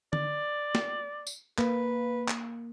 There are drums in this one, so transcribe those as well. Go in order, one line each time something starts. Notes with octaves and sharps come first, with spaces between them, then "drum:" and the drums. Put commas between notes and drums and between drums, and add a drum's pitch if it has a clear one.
D5, drum: tom D3
drum: snare
drum: tambourine
A#3 B4, drum: clap
drum: clap